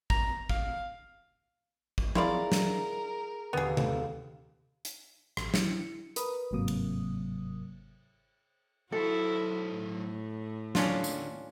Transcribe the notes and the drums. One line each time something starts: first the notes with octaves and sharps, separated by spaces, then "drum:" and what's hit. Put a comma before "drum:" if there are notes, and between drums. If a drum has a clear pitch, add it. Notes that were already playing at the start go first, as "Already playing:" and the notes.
A#5, drum: kick
F5, drum: kick
drum: kick
E4 F4 G#4 A#4 D5, drum: tom F3
drum: snare
D#1 D#2 D3 B3 G#4
drum: tom C3
drum: hi-hat
A1, drum: rim click
E4 C#7, drum: snare
A#4 B4 D#6, drum: hi-hat
G1 G#2 C3 F#3 A#3 D#6
drum: cymbal
F#3 E4 F#4 A4 C5
A2
D#2 D3 C#4 D4 F4, drum: snare
drum: tambourine